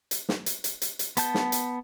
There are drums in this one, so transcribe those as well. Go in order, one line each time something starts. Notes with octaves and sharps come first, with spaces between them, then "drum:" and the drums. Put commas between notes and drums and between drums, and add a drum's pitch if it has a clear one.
drum: hi-hat
drum: snare
drum: hi-hat
drum: hi-hat
drum: hi-hat
drum: hi-hat
B3 A5 G6, drum: hi-hat
drum: snare
drum: hi-hat